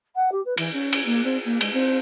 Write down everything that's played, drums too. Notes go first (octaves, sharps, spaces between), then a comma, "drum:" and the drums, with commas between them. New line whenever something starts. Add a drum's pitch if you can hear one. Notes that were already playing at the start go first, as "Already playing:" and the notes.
F#5
G4
B4
E3, drum: cymbal
C#4
drum: cymbal
A#3
C4
A#3
G#3, drum: cymbal
C4